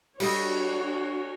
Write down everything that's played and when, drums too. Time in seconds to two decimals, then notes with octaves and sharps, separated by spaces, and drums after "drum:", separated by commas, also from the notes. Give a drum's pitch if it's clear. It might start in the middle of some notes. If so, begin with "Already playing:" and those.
0.20 G3 A3 D4 F#4 C#5 D#5, drum: cymbal